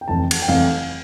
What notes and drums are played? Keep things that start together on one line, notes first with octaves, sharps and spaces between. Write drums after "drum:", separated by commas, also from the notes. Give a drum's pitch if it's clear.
G5
F1 F2 E3 A5
drum: cymbal
G5
F1 F2 E3 F5